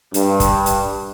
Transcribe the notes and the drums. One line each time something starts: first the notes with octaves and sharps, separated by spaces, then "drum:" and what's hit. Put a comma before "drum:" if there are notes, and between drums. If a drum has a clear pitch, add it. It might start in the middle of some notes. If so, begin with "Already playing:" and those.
G2, drum: hi-hat
drum: kick, hi-hat
drum: hi-hat